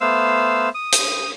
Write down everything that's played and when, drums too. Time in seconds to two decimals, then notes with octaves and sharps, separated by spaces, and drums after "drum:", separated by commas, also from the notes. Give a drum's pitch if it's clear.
0.01 A3 B3 C5 F5 E6
0.74 D#6
0.92 drum: hi-hat